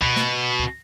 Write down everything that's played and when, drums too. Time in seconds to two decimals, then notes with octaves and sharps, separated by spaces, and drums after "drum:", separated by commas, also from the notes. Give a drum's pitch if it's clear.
0.02 B2, drum: kick
0.16 drum: snare
0.60 drum: kick